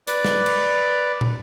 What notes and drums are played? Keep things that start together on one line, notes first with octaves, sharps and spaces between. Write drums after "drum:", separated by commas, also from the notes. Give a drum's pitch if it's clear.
B4 D5, drum: hi-hat
drum: snare
drum: cymbal
drum: tom